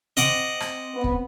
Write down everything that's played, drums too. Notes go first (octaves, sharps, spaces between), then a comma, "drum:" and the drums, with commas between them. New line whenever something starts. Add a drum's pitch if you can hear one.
C4 D#5 F#5 D6, drum: hi-hat
drum: rim click
B3
drum: kick